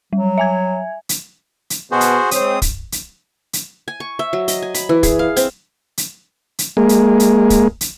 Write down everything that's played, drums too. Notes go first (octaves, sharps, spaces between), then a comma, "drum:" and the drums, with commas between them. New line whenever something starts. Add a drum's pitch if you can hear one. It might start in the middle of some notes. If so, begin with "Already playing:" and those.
F#3 G3
E5 G#5 G#6
drum: hi-hat
drum: hi-hat
B2 F#4 G#4 C5
drum: hi-hat
G#3 C4 C#5 D#6, drum: hi-hat
drum: kick, hi-hat
drum: hi-hat
drum: hi-hat
G#5
C#6
E5
F#3
D#5, drum: hi-hat
G#5
B5, drum: hi-hat
E3
G#4, drum: kick, hi-hat
F5
C4, drum: hi-hat
drum: hi-hat
drum: hi-hat
G#3 A#3
drum: hi-hat
drum: hi-hat
drum: kick, hi-hat
drum: hi-hat